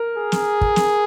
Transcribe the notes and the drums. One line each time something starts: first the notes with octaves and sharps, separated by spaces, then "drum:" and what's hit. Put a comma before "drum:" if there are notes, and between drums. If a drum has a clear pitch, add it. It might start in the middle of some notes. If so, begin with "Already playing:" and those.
Already playing: A#4
G#4
drum: snare
drum: kick
drum: snare